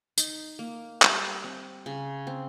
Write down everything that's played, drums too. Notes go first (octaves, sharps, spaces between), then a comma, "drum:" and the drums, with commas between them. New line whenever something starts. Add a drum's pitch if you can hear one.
D#4, drum: tambourine
A#3
G3, drum: clap
C4
C#3
C4